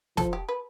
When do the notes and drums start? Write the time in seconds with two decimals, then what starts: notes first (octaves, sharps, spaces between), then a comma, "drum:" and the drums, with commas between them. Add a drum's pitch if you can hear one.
0.17 F3 A4, drum: snare
0.33 G4
0.49 B4